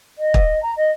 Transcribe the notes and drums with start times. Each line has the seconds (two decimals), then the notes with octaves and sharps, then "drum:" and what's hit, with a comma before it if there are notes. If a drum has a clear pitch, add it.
0.18 D#5
0.34 drum: kick
0.62 A#5
0.77 D#5